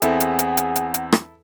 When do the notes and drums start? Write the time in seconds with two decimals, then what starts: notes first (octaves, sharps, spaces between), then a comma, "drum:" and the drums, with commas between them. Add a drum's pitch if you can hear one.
0.02 E2 C4 E4 G#4 A4 F#5, drum: hi-hat
0.20 drum: hi-hat
0.39 drum: hi-hat
0.57 drum: hi-hat
0.76 drum: hi-hat
0.94 drum: hi-hat
1.12 drum: rim click